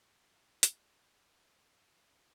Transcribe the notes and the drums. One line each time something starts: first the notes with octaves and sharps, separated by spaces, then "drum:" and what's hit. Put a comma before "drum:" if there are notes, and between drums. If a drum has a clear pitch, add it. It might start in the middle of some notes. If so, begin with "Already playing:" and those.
Already playing: F#4
E4, drum: hi-hat
G#4
F#4
G#4
F#4
F#4
E4
E4
D#4